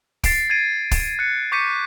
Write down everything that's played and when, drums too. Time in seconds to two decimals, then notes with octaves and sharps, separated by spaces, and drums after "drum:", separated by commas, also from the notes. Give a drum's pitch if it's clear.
0.24 A6 C7 D7, drum: kick, open hi-hat
0.50 G#6 A6 C7 D7 D#7
0.91 drum: kick, open hi-hat
1.19 F#6 C#7
1.52 C#6 D6 G6 B6 C#7 D#7